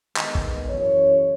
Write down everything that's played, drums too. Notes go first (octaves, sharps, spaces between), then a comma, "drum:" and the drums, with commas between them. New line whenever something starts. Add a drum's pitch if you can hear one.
D#3 G#3 B3 D#5, drum: clap
drum: kick
F#2 C#3 E3 C#5